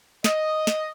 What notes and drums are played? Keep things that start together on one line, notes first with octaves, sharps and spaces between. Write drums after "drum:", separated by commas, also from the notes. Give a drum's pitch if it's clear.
D#5, drum: snare
drum: snare